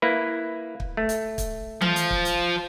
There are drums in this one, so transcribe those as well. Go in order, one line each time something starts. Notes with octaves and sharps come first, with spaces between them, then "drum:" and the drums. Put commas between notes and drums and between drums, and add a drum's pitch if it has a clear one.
A#3 E4 B4
drum: kick
A3
drum: hi-hat
drum: kick, hi-hat
F3, drum: tom E3
drum: hi-hat
drum: kick
drum: hi-hat